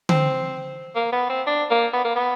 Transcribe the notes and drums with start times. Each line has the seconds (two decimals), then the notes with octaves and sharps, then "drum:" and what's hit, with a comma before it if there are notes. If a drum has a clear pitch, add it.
0.09 C4, drum: tom D3
0.96 A#3
1.13 B3
1.30 C4
1.47 D4
1.70 A#3
1.93 B3
2.05 A#3
2.16 B3